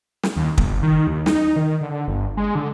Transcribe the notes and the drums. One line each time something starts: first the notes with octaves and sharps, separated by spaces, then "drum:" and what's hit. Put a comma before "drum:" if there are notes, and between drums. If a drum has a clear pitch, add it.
drum: snare
D#2
G1, drum: kick
D#3
D#2
D#4, drum: snare
D#3
D3
G1
G#3
D3